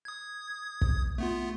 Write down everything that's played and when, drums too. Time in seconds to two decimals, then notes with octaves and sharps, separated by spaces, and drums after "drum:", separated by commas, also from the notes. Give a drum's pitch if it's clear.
0.05 D#6 G#6
0.81 drum: kick
1.18 A3 B3 F4